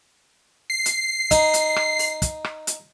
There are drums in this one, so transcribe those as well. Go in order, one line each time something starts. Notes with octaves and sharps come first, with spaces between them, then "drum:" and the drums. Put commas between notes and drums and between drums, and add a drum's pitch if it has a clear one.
C7
drum: hi-hat
D#4, drum: kick, hi-hat
drum: hi-hat
drum: rim click
drum: open hi-hat
drum: kick, hi-hat
drum: rim click
drum: hi-hat